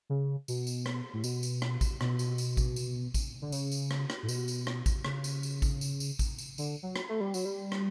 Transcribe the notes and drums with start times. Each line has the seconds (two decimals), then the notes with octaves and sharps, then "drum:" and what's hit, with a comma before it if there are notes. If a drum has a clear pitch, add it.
0.10 C#3
0.48 B2, drum: tambourine
0.67 drum: tambourine
0.86 drum: rim click
1.13 A2
1.24 B2, drum: tambourine
1.43 drum: tambourine
1.62 drum: rim click
1.81 drum: kick A1, tambourine
2.01 B2, drum: rim click
2.19 drum: tambourine
2.38 drum: tambourine
2.57 drum: kick A1, tambourine
2.76 drum: tambourine
3.14 drum: kick A1, tambourine
3.42 D3
3.52 C#3, drum: tambourine
3.72 drum: tambourine
3.91 drum: rim click
4.10 drum: rim click
4.23 A2
4.29 B2, drum: tambourine
4.48 drum: tambourine
4.67 drum: rim click
4.86 drum: kick A1, tambourine
5.04 C#3, drum: rim click
5.24 drum: tambourine
5.43 drum: tambourine
5.62 drum: kick A1, tambourine
5.81 drum: tambourine
6.00 drum: tambourine
6.19 drum: kick A1, tambourine
6.38 drum: tambourine
6.58 D3, drum: tambourine
6.83 F#3
6.96 drum: rim click
7.09 A3
7.20 G3
7.34 F#3, drum: tambourine
7.45 G3
7.72 drum: rim click